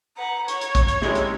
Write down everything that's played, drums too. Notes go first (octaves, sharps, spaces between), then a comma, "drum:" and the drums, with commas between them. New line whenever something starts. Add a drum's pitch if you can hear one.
B4 F#5 A#5
C#5 C#6 G#6, drum: hi-hat
drum: hi-hat
drum: kick A1, hi-hat
drum: hi-hat
C3 G#3 C#4 E4, drum: snare
drum: hi-hat